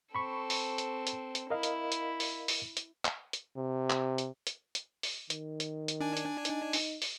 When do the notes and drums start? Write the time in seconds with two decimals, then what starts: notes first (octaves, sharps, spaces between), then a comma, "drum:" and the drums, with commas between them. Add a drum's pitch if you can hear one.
0.15 C4 A4 B5 C#6
0.50 drum: open hi-hat
0.78 drum: hi-hat
1.07 drum: hi-hat
1.35 drum: hi-hat
1.50 E4 A#4 D#5 F5
1.63 drum: hi-hat
1.92 drum: hi-hat
2.20 drum: open hi-hat
2.48 drum: open hi-hat
2.77 drum: hi-hat
3.05 drum: clap
3.33 drum: hi-hat
3.57 C3
3.90 drum: clap
4.18 drum: hi-hat
4.47 drum: hi-hat
4.75 drum: hi-hat
5.03 drum: open hi-hat
5.30 D#3, drum: hi-hat
5.60 drum: hi-hat
5.88 drum: hi-hat
6.01 D4 G#5
6.17 drum: hi-hat
6.45 D#4, drum: hi-hat
6.73 drum: open hi-hat
7.02 drum: open hi-hat